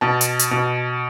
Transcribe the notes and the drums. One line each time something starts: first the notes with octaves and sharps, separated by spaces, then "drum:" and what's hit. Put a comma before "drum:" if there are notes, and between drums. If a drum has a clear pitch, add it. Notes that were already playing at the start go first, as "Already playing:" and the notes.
B2 A5
drum: hi-hat
drum: hi-hat
B2